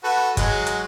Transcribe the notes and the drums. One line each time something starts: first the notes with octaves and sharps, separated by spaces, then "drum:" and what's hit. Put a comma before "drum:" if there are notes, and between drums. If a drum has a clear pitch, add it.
F#4 A4 B4
F#3 G#3, drum: kick, hi-hat
drum: hi-hat